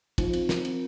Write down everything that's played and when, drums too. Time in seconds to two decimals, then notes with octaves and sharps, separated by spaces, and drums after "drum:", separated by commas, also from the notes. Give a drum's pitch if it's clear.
0.18 F3 D#4, drum: kick, cymbal
0.33 C4, drum: cymbal
0.49 A#4, drum: snare
0.65 C4, drum: cymbal